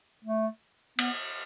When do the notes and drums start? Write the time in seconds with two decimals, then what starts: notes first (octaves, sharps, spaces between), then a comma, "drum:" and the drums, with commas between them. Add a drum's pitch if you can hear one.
0.25 A3
0.99 B3, drum: cymbal